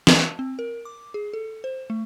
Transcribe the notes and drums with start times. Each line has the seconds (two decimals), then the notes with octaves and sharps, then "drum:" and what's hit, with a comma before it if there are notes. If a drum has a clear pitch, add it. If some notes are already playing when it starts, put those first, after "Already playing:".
0.07 A5, drum: snare
0.39 C4
0.59 A#4
0.85 D6
1.14 G#4
1.33 A4
1.64 C5
1.90 A3